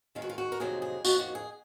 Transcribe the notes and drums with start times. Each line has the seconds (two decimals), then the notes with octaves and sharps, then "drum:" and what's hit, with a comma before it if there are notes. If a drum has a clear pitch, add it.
0.15 D#2 D#3 G#3 F4
0.22 F#4
0.30 F4
0.38 F#4
0.52 A#4
0.60 F2 C3 D#3 F#3 A#3 G#4
0.82 G#4
1.05 F2 D#3 A#3 F#4, drum: tambourine
1.19 F#4
1.35 G#4